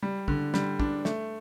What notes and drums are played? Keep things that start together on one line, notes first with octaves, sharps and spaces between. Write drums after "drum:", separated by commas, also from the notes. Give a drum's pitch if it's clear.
G3
D3, drum: kick
G3, drum: snare
D4, drum: kick
A3, drum: snare